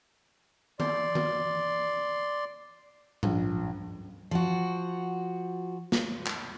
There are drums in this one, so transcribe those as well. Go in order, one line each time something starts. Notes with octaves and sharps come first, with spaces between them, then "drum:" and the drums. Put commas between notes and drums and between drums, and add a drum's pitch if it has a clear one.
D5 C6, drum: tom D#3
drum: tom D#3
A#1, drum: tom G#2
F3 F#4
drum: snare
drum: clap